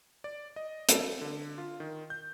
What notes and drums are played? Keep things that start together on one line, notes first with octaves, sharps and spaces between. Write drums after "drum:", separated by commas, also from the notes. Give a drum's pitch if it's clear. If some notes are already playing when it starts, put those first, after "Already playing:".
D5
D#5
A4, drum: hi-hat
D3
F4
D#3
G6